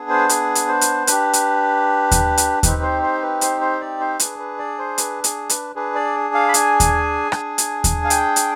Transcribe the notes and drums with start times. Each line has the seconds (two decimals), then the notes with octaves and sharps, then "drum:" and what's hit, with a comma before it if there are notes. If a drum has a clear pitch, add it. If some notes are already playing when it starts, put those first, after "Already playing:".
Already playing: B3 D4 G#4
0.10 C5
0.29 G#4, drum: hi-hat
0.55 drum: hi-hat
0.68 C5
0.81 drum: hi-hat
1.07 D4 G4 B4, drum: hi-hat
1.33 drum: hi-hat
2.11 drum: kick D#2, hi-hat
2.37 drum: hi-hat
2.63 C4 D#4 G4 B4, drum: kick D#2, hi-hat
2.83 C5
3.02 C5
3.22 B4
3.41 C5, drum: hi-hat
3.61 C5
3.81 D5
4.00 C5
4.20 D4 G#4 B4, drum: hi-hat
4.39 B4
4.59 D5
4.78 C5
4.98 B4, drum: hi-hat
5.24 G#4, drum: hi-hat
5.49 B4, drum: hi-hat
5.75 D4 G#4 B4
5.95 D5
6.35 F5
6.48 B5
6.54 G#5, drum: hi-hat
6.80 drum: kick D#2, hi-hat
7.32 D4 G#4, drum: rim click
7.58 drum: hi-hat
7.84 drum: kick D#2, hi-hat
8.05 F5
8.10 G5, drum: hi-hat
8.36 drum: hi-hat